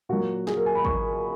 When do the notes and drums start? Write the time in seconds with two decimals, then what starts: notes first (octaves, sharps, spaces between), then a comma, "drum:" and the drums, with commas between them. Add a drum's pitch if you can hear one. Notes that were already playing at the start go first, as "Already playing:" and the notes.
0.09 A#2 F#3 F#4
0.47 G#4, drum: snare
0.57 A#4
0.66 G#5
0.75 B5
0.85 C#6, drum: kick